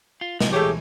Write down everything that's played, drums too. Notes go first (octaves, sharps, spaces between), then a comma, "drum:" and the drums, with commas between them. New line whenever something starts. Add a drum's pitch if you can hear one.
F4
C3 F3 F#3 D#5, drum: snare
E3 A3 G4 G#4 C#5